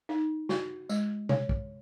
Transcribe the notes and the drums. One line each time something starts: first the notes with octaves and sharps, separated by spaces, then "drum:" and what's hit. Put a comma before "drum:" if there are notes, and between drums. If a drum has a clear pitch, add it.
D#4
F#4, drum: snare
G#3, drum: tambourine
C#5, drum: tom B2
drum: kick